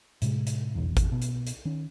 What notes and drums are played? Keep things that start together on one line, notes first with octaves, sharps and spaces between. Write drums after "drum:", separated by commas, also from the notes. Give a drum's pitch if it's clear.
A2 C3 G#3, drum: hi-hat
drum: hi-hat
F1 B1 E2
drum: kick G#1, hi-hat
B2
drum: hi-hat
drum: hi-hat
D#3 C#4